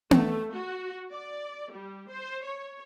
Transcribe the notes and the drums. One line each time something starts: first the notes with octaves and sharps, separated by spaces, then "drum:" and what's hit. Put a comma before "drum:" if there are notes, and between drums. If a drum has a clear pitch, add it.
A3, drum: tom B3
F#4
D5
G3
C5
C#5